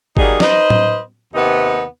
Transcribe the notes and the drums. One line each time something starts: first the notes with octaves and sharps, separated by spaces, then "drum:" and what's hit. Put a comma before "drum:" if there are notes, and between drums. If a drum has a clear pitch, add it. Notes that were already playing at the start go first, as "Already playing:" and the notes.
F#3 G3 A#3 D#4 G#4, drum: kick G#1
D#4 B4 C5 D#5, drum: snare
drum: tom A2
D#2 C3 B3 D#4 B4